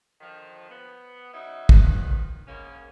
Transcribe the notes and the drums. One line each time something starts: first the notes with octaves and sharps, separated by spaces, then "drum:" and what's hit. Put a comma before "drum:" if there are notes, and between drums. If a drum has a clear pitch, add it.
D3 D#3 F3
B3
C#3 F#3 D#4 E5
D2 A#2 D#3 F3 B4, drum: kick
E2 G#2 A#3 C#4